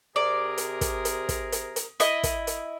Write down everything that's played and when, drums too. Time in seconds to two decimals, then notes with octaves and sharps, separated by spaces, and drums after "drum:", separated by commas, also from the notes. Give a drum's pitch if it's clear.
0.16 C3 G#4 A#4 D5
0.58 drum: hi-hat
0.81 drum: kick, hi-hat
1.05 drum: hi-hat
1.29 drum: kick, hi-hat
1.52 drum: hi-hat
1.76 drum: hi-hat
2.00 E4 D#5, drum: hi-hat
2.23 drum: kick, hi-hat
2.47 drum: hi-hat